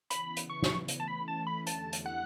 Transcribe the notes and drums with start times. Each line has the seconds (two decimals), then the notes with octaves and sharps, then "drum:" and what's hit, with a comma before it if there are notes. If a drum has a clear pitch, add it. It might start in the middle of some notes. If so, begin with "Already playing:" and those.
0.10 C#3 E3 B3 E4 B5, drum: hi-hat
0.37 drum: hi-hat
0.50 C#6
0.63 drum: snare
0.88 E3 A3 C#4, drum: hi-hat
1.00 A5
1.08 B5
1.28 A5
1.47 B5
1.67 E2 D3 A3 E4 G4 A5, drum: hi-hat
1.93 drum: hi-hat
2.06 F#5